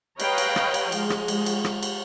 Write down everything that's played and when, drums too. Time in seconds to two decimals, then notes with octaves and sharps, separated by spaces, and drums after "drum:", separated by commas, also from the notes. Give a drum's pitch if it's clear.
0.20 B4 C#5 D#5 F5 G5 A#5, drum: cymbal
0.38 drum: cymbal
0.56 drum: rim click
0.74 drum: cymbal
0.92 F3 G#3, drum: cymbal
1.10 drum: rim click
1.28 drum: cymbal
1.46 drum: cymbal
1.64 drum: rim click
1.83 drum: cymbal